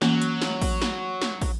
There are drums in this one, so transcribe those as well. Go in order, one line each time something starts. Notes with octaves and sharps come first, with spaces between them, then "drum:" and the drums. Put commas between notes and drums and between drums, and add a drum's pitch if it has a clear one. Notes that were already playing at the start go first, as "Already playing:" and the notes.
E3 F#3 A#3 C#4, drum: snare
drum: hi-hat
drum: snare
drum: kick, open hi-hat
drum: snare
drum: snare
drum: kick, open hi-hat